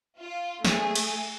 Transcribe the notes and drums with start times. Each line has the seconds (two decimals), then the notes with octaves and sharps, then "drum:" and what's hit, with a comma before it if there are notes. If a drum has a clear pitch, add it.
0.20 F4
0.65 A3 G#4, drum: snare
0.96 drum: cymbal